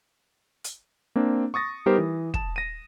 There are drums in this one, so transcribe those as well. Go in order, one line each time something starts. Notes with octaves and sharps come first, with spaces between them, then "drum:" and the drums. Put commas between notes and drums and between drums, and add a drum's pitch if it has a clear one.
drum: hi-hat
A#3 C4 D4
C#6 D#6 A6 A#6
G3 B3 D#4 G4 A#4 C5
E3
A5 E7, drum: kick
A#6 D#7